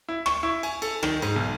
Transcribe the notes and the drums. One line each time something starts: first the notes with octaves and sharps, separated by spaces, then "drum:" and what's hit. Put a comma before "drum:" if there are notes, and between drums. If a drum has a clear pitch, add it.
E4
C#6, drum: rim click
E4
G#5, drum: cymbal
A4, drum: cymbal
D#3, drum: rim click
G#2, drum: cymbal
B1